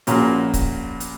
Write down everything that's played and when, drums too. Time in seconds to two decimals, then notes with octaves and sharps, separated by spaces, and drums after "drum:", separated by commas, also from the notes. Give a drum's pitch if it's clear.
0.07 A#1 A#2 A#3 C#4 F#4, drum: hi-hat
0.54 drum: kick, hi-hat
1.00 drum: hi-hat